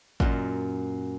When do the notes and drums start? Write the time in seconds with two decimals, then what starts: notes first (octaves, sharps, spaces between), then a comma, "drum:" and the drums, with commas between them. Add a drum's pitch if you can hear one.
0.20 F#2 A#2, drum: kick G#1